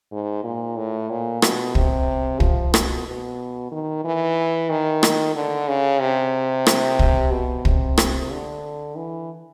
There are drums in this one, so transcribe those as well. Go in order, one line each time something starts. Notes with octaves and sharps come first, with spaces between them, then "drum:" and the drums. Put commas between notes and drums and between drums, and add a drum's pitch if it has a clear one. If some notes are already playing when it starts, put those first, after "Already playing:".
G#2
A#2
A2
A#2
B2, drum: rim click
C3, drum: kick
F3, drum: kick
B2, drum: rim click
B2
D#3
E3
D#3
drum: rim click
D3
C#3
C3
drum: rim click
drum: kick
B2
C3, drum: kick
drum: rim click
D3
E3